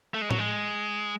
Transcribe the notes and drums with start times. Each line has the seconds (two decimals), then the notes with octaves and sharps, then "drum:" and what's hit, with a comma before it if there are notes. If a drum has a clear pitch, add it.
0.14 A3
0.22 G#3
0.31 F#3, drum: tom A2
0.38 G#3